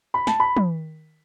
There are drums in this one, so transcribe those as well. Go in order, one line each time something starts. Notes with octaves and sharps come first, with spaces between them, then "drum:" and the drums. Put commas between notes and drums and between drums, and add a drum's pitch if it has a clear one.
B5
A5, drum: snare
B5
drum: tom